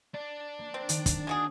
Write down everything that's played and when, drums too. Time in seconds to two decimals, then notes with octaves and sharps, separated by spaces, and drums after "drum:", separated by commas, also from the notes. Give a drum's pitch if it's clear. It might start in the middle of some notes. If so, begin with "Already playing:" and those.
0.14 D4
0.59 A#3
0.74 C4
0.89 D#3, drum: hi-hat
1.06 drum: kick, hi-hat
1.27 G#3 F#4 G#4